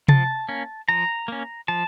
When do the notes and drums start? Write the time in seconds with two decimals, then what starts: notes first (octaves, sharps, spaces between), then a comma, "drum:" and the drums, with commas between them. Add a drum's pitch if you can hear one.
0.08 F3 A5, drum: tom C3
0.48 A#3 C#4
0.89 F3 A#5
1.28 A#3 C#4
1.68 F3 A5